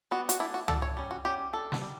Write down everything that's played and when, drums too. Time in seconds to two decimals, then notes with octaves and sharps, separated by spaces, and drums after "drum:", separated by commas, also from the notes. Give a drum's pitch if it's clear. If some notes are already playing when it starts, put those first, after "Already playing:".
0.11 G3 B3 D4 F#4
0.29 F#4, drum: hi-hat
0.39 E3 A3 D4 E4
0.54 F#4
0.68 E3 A3 D4 A4, drum: tom
0.82 C#5
0.97 G3 C#4
1.11 F#4
1.25 G3 C#4 G4
1.53 G3 D4 A4
1.72 drum: snare
1.82 G3